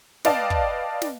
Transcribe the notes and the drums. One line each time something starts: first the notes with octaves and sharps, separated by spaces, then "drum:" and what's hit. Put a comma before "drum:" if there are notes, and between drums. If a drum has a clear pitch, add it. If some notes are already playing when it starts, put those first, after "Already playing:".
B4 D5 D#5 F5 G5 A5, drum: snare
drum: kick
drum: snare